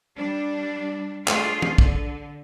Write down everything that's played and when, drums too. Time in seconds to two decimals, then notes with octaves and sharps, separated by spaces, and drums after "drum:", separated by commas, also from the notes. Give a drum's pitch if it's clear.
0.16 G3 D4
1.28 A3 D4 F4 G#4, drum: clap
1.62 drum: tom
1.78 D3, drum: kick